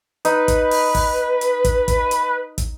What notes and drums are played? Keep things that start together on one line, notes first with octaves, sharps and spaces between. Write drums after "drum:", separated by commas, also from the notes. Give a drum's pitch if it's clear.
D#4 B4, drum: hi-hat
drum: kick, hi-hat
drum: open hi-hat
drum: kick, open hi-hat
drum: hi-hat
drum: kick, hi-hat
drum: kick, hi-hat
drum: hi-hat
drum: kick, hi-hat